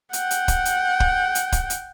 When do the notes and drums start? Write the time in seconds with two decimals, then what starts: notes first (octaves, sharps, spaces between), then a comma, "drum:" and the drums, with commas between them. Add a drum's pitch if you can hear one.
0.13 F#5 G5, drum: hi-hat
0.31 drum: hi-hat
0.48 drum: kick, hi-hat
0.65 drum: hi-hat
1.00 drum: kick
1.35 drum: hi-hat
1.52 drum: kick, hi-hat
1.70 drum: hi-hat